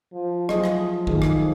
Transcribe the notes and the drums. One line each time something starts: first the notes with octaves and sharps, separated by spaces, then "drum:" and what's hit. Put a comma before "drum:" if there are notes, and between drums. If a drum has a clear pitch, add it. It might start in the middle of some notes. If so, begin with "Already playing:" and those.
F3
F#3 G#4 D#5, drum: rim click
drum: rim click
D#3 A3 G#4, drum: kick A#1
drum: rim click